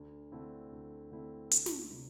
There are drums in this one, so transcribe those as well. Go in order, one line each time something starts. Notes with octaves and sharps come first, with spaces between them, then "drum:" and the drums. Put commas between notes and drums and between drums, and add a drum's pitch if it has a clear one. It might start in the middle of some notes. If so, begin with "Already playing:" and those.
Already playing: D2
D3 A3 C4 E4
D2
D3 A3 C4 E4
D2, drum: hi-hat
drum: snare
C3 G3